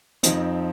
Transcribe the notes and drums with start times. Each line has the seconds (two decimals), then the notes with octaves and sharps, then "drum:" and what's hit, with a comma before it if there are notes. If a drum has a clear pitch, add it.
0.23 F2 F3 C4 D#4, drum: hi-hat